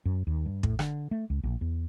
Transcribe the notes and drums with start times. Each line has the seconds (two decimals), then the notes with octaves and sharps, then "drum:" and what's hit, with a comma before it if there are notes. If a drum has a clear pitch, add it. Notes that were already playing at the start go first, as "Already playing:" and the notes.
0.05 F#2
0.27 D#2
0.46 G2
0.63 A2, drum: kick
0.79 D3, drum: rim click
1.11 A3
1.30 C#2
1.43 A#1
1.61 E2